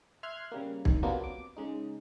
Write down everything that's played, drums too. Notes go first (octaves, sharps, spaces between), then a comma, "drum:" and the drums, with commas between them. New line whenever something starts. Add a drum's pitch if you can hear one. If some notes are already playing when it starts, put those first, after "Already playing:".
E5 C6 F6 F#6 G#6
C#3 G3 A#3
D#3, drum: kick
C3 F#3 A#3 B3 D4 F4
D6
C#3 G#3 D#4